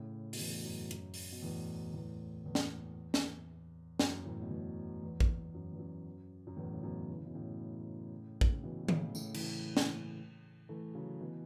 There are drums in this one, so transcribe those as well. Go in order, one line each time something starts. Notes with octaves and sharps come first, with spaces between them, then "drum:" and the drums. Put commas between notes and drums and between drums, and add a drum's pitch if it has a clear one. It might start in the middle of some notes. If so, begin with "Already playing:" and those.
Already playing: A2 C#3
B2, drum: open hi-hat
E2 A2
F#2
F#2, drum: hi-hat
drum: open hi-hat
B2
E2 A2
E2 A2
E2
drum: snare
drum: snare
F#2, drum: snare
E2 A2
B2
E2 A2
E2
drum: kick
F#2
E2
F#2
F#2
E2 A2
C#3
F#2 B2
E3
C#3
B2
A2 C#3
drum: kick
C#3
B2 E3
B2
A2 C#3, drum: tom D#3
A2 C#3, drum: tambourine
E3, drum: cymbal
A2 C#3
drum: snare
E3 A3
C#3 F#3
B2 E3